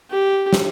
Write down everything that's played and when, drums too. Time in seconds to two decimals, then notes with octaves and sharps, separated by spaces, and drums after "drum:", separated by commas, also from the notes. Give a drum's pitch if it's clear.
0.11 G4
0.53 drum: snare